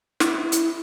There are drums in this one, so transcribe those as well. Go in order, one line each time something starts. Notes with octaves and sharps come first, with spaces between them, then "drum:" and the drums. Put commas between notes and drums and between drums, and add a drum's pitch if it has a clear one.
E4, drum: snare
drum: hi-hat